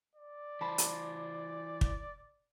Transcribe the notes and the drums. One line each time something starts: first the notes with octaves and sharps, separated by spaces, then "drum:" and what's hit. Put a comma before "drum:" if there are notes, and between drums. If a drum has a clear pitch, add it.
D5
E3 C5 A5 B5
drum: hi-hat
drum: kick